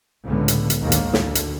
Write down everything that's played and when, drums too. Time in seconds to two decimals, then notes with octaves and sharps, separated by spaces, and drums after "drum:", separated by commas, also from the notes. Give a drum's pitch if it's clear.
0.24 C#2 A2 D3 B3
0.48 drum: hi-hat
0.70 drum: hi-hat
0.82 A#1 D#2 G#2 D3 D#3 A#3
0.92 drum: hi-hat
1.13 D2 D3, drum: snare
1.35 drum: hi-hat